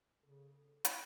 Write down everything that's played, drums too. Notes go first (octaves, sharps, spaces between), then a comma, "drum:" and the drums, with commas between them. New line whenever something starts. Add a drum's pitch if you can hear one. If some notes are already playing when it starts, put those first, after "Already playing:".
C#3 A4
A4
A4, drum: hi-hat